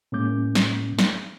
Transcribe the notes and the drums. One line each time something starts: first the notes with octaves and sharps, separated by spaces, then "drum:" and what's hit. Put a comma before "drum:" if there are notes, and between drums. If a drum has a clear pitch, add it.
A2 G#3 A#3 C#4 D6 G6
drum: snare
drum: snare